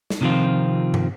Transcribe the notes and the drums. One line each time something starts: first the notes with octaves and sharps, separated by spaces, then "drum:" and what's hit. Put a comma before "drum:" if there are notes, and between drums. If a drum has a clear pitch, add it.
drum: snare
C3 D#3 F3 C4 F4
drum: tom